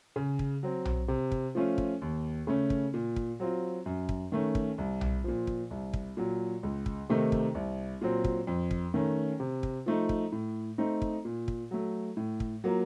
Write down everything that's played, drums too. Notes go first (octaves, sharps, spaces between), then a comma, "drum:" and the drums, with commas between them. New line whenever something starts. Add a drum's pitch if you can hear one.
C#3
drum: kick
F#3 C4
drum: tom B1
C3
drum: kick
F3 A3 C#4 F4
drum: kick
D#2
C#3 A3 C#4
drum: kick
A#2
drum: kick
F#3 C4 F4
F#2
drum: kick
D#3 A3 C#4
drum: kick
C2
drum: tom B1
A#2 F3
drum: kick
C2
drum: kick
A#2 F#3
C#2
drum: kick
C3 D#3 A3 D#4
drum: kick
C2
A#2 F#3 C4
drum: kick
F2
drum: kick
D#3 A3 C#4
C3
drum: kick
F3 A3 D#4
drum: kick
A2
A3 C4 D#4
drum: kick
A#2
drum: kick
F#3 A3
A2
drum: kick
F#3 A#3 F4